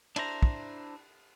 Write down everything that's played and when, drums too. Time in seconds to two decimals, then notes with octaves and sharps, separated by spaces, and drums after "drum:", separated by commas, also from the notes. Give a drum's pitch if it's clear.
0.16 D4 E4 C5 A#5, drum: cymbal
0.43 drum: kick